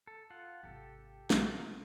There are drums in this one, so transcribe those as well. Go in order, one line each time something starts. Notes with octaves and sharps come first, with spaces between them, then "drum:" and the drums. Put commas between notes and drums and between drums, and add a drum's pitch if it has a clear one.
A4
F4 F#5
G#1 C3 G4 A4
B1 B2, drum: snare